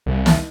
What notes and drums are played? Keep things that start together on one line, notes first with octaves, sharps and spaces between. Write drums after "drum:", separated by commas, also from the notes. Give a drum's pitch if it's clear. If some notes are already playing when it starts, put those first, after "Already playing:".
C2
drum: snare